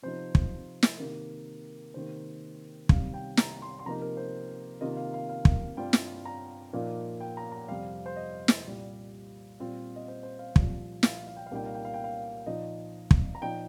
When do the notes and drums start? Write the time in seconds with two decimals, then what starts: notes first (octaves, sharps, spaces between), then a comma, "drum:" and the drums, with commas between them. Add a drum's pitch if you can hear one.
0.02 C3 F3 D#4 C5
0.35 drum: kick
0.83 drum: snare
0.98 C3 D#3 A#3 A#4
1.94 C3 D#3 A#3 C5
2.89 C2 C3 D#3 G3 F5, drum: kick
3.14 G5
3.37 A#5, drum: snare
3.62 C6
3.79 C6
3.86 C3 F3 A#3 D#4 A#5
4.02 A#4
4.17 C5
4.81 C3 D#3 A#3 F4 D#5
4.97 F5
5.14 F5
5.29 F5
5.45 drum: kick
5.77 G2 G3 C4 F4 G5
5.93 drum: snare
6.25 A#5
6.73 A#2 F3 A#3 D#4
7.20 G5
7.37 A#5
7.52 A#5
7.68 F2 C3 G3 C4 F5
8.06 C5
8.16 D#5
8.48 drum: snare
8.64 C2 A#2 G3
9.60 A#2 G3 C4 F4
9.96 D#5
10.08 C5
10.23 C5
10.39 F5
10.56 C2 A#2 F3, drum: kick
11.03 F5, drum: snare
11.27 F5
11.36 G5
11.47 F5
11.51 C2 A#2 A#3 D#4 G5
11.66 F5
11.75 G5
11.85 F5
11.94 G5
12.04 F5
12.46 A#2 F3 D#4 D#5
13.11 drum: kick
13.35 A#5
13.42 A#2 F3 D#4 G5